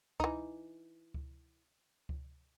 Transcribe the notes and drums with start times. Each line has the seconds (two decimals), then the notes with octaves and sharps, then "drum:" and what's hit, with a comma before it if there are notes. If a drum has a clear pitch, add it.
0.20 E3 D#4, drum: kick C#2
1.14 drum: kick C#2
2.09 drum: kick C#2